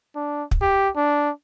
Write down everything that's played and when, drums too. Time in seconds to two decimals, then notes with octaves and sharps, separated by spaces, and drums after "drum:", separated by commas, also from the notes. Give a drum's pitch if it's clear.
0.16 D4
0.51 drum: kick
0.61 G4
0.96 D4